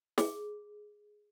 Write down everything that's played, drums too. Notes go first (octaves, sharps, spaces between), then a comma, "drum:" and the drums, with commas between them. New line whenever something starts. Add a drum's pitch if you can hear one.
G#4, drum: snare